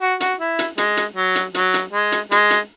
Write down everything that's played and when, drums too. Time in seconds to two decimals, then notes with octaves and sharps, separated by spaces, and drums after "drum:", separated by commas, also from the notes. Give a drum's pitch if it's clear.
0.01 F#4
0.20 F#4, drum: hi-hat
0.40 E4
0.59 drum: hi-hat
0.78 G#3, drum: hi-hat
0.97 drum: hi-hat
1.16 F#3
1.35 drum: hi-hat
1.54 F#3, drum: hi-hat
1.74 drum: hi-hat
1.93 G#3
2.12 drum: hi-hat
2.32 G#3, drum: hi-hat
2.50 drum: hi-hat